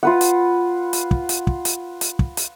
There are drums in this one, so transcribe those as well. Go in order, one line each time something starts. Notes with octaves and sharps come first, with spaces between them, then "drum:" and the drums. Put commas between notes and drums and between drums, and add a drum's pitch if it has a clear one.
F4 B4 F#5
drum: hi-hat
drum: hi-hat
drum: kick
drum: hi-hat
drum: kick
drum: hi-hat
drum: hi-hat
drum: kick
drum: hi-hat